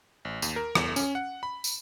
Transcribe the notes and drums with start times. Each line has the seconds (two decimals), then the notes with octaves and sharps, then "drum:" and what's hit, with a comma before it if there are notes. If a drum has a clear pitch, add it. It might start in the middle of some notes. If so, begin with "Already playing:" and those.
0.25 A1
0.42 D#2, drum: tambourine
0.56 A#4
0.75 E2, drum: rim click
0.96 C#4, drum: tambourine
1.15 F#5
1.43 B5
1.64 drum: tambourine